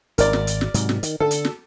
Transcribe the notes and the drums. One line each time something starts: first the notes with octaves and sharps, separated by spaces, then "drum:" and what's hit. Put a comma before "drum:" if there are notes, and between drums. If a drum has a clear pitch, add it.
G#1 A#4 D5, drum: hi-hat
drum: snare
drum: hi-hat
drum: snare
G#2 C3 F#3, drum: hi-hat
drum: snare
D#3, drum: hi-hat
D3 A4
drum: hi-hat
drum: snare